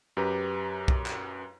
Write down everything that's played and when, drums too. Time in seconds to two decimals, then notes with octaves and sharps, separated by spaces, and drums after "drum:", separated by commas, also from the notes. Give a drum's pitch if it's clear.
0.17 F#2 G4 B4 A#5
0.88 drum: kick B1
1.06 drum: clap